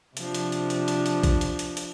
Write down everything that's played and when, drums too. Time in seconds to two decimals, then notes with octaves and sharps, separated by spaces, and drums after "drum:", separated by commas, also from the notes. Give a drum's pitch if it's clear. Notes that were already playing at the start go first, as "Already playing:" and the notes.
0.17 C3 F3 D4, drum: hi-hat
0.34 drum: hi-hat
0.52 drum: hi-hat
0.70 drum: hi-hat
0.88 drum: hi-hat
1.06 drum: hi-hat
1.23 drum: kick, hi-hat
1.41 drum: hi-hat
1.59 drum: hi-hat
1.77 drum: hi-hat